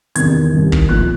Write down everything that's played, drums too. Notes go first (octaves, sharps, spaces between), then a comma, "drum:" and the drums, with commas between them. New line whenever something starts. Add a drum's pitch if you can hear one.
E2 C3 D#3 G#6, drum: hi-hat
C2 C3 D#3
drum: kick
A#2 F3 F#6